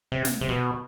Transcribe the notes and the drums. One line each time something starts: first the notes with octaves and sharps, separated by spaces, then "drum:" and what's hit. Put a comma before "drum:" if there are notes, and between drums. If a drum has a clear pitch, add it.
C3
drum: snare
C3
B2